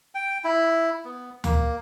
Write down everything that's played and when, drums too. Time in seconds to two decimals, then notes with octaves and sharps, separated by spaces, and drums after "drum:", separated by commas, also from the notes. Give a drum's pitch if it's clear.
0.15 G5
0.44 E4
1.05 B3
1.44 A#3, drum: tom D2